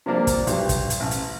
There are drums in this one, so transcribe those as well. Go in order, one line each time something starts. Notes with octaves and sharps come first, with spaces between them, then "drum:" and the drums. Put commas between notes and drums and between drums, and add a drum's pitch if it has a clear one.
C3 F3 G3 A#3 D4
drum: kick, hi-hat
B1 G3, drum: hi-hat
drum: kick, hi-hat
drum: hi-hat
A1
drum: hi-hat